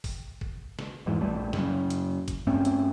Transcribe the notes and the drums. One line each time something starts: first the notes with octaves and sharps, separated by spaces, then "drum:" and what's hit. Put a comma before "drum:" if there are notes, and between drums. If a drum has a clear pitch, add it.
drum: kick, open hi-hat
drum: kick
drum: snare
E2 G#2 E3
A#1 G3 A3
F#2 C#3, drum: snare
drum: hi-hat
drum: kick, hi-hat
G2 A3 C4 C#4
drum: hi-hat